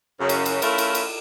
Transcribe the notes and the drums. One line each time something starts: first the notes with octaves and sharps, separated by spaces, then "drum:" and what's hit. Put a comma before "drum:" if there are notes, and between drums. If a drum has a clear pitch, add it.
F#2 C#3
drum: cymbal
drum: cymbal
A3 C#4 E4 F4 A#4, drum: cymbal
drum: cymbal
drum: cymbal